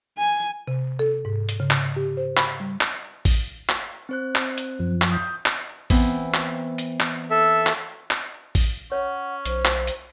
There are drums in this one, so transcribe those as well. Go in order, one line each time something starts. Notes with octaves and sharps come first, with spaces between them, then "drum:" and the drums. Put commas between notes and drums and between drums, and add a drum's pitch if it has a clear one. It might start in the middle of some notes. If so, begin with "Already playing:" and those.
G#5
C3
A4
G#2
drum: hi-hat
C#3
drum: clap
G4
C5
B5, drum: clap
G3
drum: clap
drum: kick A1, open hi-hat
drum: clap
C4 C5 F#6
drum: clap
drum: hi-hat
F#2 F3
drum: clap
D#6 G6
drum: clap
E3 B3 C4, drum: kick A1, open hi-hat
drum: clap
drum: hi-hat
drum: clap
A4 E5
drum: clap
drum: clap
drum: kick A1, open hi-hat
C#4 C#5 F#5
B1 C5, drum: hi-hat
drum: clap
drum: hi-hat